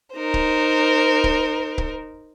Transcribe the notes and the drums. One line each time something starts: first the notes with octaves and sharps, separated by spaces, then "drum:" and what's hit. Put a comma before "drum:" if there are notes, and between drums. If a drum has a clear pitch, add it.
D#4 A#4 C5
drum: kick C#1
drum: kick C#1
drum: kick C#1